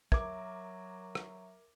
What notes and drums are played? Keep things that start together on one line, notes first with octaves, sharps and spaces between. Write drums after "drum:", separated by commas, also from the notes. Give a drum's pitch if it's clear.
F#3 A#4 E5 D6 G#6, drum: kick
drum: rim click